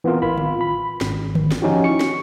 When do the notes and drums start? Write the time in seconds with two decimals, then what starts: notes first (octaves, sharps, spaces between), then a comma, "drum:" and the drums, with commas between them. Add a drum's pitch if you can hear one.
0.04 E3 B3 C4 F4 A#4
0.22 A1 F4 B5
0.38 drum: tom D3
0.61 B5
1.01 G#1, drum: snare
1.35 drum: tom D3
1.52 drum: snare
1.62 F3 C#4 D#4 E4 F#4 G4
1.84 C#6 C#7
2.00 drum: snare